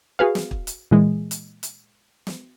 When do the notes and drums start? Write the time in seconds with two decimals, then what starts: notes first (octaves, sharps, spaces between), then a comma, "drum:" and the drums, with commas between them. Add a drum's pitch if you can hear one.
0.19 F#4 G#4 B4 F5
0.35 drum: snare
0.51 drum: kick
0.67 drum: hi-hat
0.91 A#2 E3 G#3
1.31 drum: hi-hat
1.63 drum: hi-hat
2.27 drum: snare